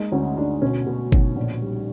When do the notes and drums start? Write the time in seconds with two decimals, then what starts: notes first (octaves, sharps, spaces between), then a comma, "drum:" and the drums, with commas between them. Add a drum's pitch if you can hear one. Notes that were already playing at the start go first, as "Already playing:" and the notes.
Already playing: G#3 A#3 D#4
0.12 D2 C#4
0.37 D2 D4
0.62 B2 C#4
0.87 B2
1.12 B1, drum: kick G1
1.36 A#1
1.62 G3